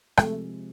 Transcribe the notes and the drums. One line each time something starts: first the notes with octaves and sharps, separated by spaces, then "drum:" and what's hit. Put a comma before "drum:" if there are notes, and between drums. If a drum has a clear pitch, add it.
C3 F3 G#3 A3 A4, drum: rim click